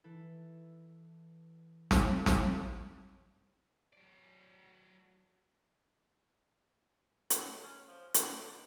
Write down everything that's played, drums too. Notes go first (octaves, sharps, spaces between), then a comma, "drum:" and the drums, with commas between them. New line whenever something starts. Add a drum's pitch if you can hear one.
E3 E4 A4
drum: snare
drum: snare
F#3 D5
F#3, drum: hi-hat
G#3
C#4
F3
G#4, drum: hi-hat
D3
B2